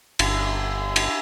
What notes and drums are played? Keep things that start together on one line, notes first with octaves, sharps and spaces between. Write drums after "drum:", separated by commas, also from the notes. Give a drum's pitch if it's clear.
G1, drum: cymbal
drum: cymbal